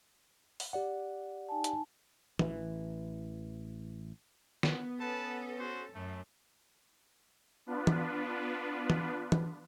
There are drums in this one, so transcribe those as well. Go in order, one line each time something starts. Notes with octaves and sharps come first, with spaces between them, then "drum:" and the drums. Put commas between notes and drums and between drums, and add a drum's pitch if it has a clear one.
drum: open hi-hat
G4 D5 F#5
D#4 G#5 A5
drum: hi-hat
A1 E3, drum: tom E3
B3, drum: snare
C#4 A4 B4 A5
F#4 C5
F#2 A3
B3 D4 F4 B4
drum: tom E3
drum: tom E3
drum: tom E3